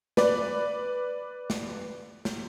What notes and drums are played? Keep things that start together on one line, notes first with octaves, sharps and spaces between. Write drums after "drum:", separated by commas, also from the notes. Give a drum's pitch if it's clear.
B4 D5, drum: snare
drum: snare
drum: snare